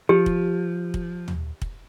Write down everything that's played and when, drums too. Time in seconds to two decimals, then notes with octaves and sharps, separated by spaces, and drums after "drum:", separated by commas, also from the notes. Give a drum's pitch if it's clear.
0.09 F3 G4
0.26 drum: kick
0.94 drum: kick
1.28 drum: tom
1.62 drum: kick